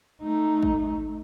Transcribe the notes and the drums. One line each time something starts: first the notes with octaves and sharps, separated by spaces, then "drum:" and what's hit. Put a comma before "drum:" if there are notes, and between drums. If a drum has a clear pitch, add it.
A3 D#4
drum: kick